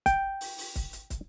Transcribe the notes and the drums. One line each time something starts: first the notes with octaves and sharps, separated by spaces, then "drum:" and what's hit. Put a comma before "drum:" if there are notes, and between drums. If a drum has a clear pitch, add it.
G5, drum: kick, hi-hat
drum: open hi-hat
drum: open hi-hat
drum: kick, hi-hat
drum: hi-hat
drum: kick, hi-hat